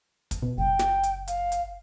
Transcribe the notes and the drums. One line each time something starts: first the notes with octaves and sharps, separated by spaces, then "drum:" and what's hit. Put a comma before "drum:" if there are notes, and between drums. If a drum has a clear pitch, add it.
drum: kick, hi-hat
B2
F#1 G5
drum: snare
drum: hi-hat
F5, drum: hi-hat
drum: hi-hat